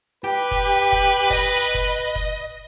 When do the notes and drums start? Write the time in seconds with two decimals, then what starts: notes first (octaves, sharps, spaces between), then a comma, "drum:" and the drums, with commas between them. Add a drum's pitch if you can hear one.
0.24 G4 B4
0.51 drum: kick
0.92 drum: kick
1.30 D#5, drum: kick
1.74 drum: kick
2.15 drum: kick